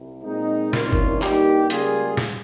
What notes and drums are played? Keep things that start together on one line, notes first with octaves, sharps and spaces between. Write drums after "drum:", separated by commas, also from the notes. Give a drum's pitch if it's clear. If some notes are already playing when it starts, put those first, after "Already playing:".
Already playing: C2
A#2 G#3 C4 D#4
C2 C3 D#3 G3 A#3 C#4 F4, drum: snare
drum: kick G1
G2 G3 A#3 D#4 G4, drum: clap
C#2 C#3 G3 A#3 F4 G#4, drum: hi-hat
drum: snare